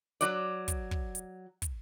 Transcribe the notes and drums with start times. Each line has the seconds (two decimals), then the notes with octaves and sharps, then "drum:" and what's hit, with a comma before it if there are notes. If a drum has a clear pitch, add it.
0.21 F#3 D5, drum: hi-hat
0.68 drum: kick, hi-hat
0.91 drum: kick
1.15 drum: hi-hat
1.62 drum: kick, hi-hat